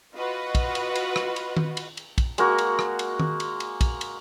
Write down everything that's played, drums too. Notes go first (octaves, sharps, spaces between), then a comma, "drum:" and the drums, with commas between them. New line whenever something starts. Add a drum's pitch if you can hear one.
F4 F#4 B4 D#5 F#5
drum: kick, cymbal
drum: cymbal
drum: cymbal
drum: rim click
drum: cymbal
drum: tom D#3
drum: cymbal
drum: cymbal
drum: kick, cymbal
G#3 A#3 F#4, drum: cymbal
drum: cymbal
drum: rim click
drum: cymbal
drum: tom D#3
drum: cymbal
drum: cymbal
drum: kick, cymbal
drum: cymbal